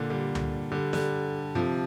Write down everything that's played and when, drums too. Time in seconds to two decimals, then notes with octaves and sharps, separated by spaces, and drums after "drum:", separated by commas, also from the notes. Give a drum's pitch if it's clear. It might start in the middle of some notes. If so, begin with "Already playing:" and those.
Already playing: A#2 D3
0.10 D3 G3
0.35 drum: tom C#2
0.72 D3 G3
0.93 D3 G3, drum: snare
1.55 C3 F3